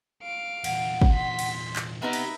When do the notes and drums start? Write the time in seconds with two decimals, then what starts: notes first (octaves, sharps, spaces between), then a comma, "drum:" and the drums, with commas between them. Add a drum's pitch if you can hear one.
0.22 F5 D7
0.64 E2 A#2 F#5, drum: cymbal
1.01 drum: kick
1.12 C6 B6
1.39 drum: cymbal
1.76 drum: clap
2.02 B3 C4 D#4 G4 A#4 B4 E5
2.13 drum: cymbal